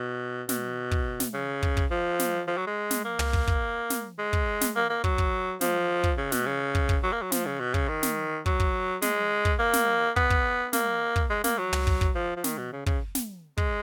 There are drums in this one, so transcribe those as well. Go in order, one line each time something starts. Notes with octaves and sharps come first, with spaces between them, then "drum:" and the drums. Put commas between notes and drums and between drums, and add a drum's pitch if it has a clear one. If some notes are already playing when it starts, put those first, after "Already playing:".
Already playing: B2
B2, drum: snare
drum: kick
drum: snare
C#3
drum: kick
drum: kick
F3
drum: snare
F3
F#3
G#3
drum: snare
A#3
drum: tom
drum: kick
drum: kick
drum: snare
G#3
drum: kick
drum: snare
A#3
A#3
F#3, drum: kick
drum: kick
F3, drum: snare
drum: kick
C#3
B2, drum: snare
C#3
drum: kick
drum: kick
F#3
A#3
F#3
F3, drum: snare
C#3
B2
C#3, drum: kick
D#3
drum: snare
F#3, drum: kick
drum: kick
G#3, drum: snare
drum: kick
A#3
drum: snare
B3, drum: kick
drum: kick
A#3, drum: snare
drum: kick
G#3
A#3, drum: snare
F#3
drum: tom
drum: kick
drum: kick
F3
F3
D#3, drum: snare
B2
C#3
C#3, drum: kick
drum: snare
G#3, drum: kick